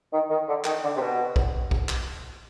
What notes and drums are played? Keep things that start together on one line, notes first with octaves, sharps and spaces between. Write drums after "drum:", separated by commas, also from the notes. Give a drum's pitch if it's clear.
D#3
D#3
D3
D#3, drum: clap
D3
C3
B2
drum: kick
drum: kick
drum: clap